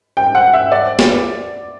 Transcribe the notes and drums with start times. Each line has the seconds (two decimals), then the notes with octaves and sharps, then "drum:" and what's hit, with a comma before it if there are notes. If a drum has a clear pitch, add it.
0.17 G5
0.35 F#5
0.53 E5
0.72 D5
0.99 drum: snare